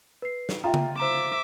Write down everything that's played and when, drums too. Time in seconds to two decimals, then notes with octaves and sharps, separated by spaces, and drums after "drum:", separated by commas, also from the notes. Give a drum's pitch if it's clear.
0.22 B4 C7
0.49 drum: snare
0.64 F4 E5 G5 A#5
0.74 drum: tom C#3
0.98 C5 E5 A#5 D6 E7